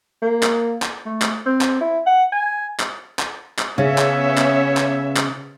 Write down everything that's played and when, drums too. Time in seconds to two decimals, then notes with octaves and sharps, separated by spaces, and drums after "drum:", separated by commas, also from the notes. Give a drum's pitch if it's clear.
0.22 A#3
0.43 drum: clap
0.82 drum: clap
1.06 A3
1.22 drum: clap
1.46 C4
1.61 drum: clap
1.81 E4
2.06 F#5
2.32 G#5
2.80 drum: clap
3.19 drum: clap
3.59 drum: clap
3.78 C#3 B3 C#4 C#5 E5 F5
3.98 drum: clap
4.38 drum: clap
4.77 drum: clap
5.17 drum: clap